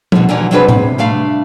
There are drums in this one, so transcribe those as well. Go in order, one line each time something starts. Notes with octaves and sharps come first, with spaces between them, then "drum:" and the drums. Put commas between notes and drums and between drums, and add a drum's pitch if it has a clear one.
B2 D3, drum: tom F3
D3 E3 F#3 G3 D4
C3 F#3 G3 D4 G#4 B4
C3, drum: tom A2
G3 A3 D4 F5